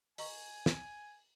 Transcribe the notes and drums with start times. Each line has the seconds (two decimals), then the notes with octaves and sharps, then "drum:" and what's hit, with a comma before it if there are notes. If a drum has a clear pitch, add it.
0.18 D#5 G#5 A#5 C#6, drum: open hi-hat
0.66 drum: snare